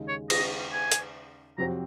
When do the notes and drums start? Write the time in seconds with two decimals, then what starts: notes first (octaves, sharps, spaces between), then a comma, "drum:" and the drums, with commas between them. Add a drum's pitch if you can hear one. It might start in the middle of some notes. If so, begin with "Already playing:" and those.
Already playing: D#2 C#3 G#3 D#4
0.08 C#5
0.30 D#5, drum: cymbal
0.73 G#5
0.92 drum: hi-hat
1.58 F2 C3 F#3 C4 F#4 A#5